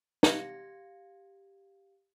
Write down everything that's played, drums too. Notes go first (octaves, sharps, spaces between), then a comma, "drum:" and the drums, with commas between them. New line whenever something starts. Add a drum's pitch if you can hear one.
G4 F5 G#6 A#6 C#7, drum: snare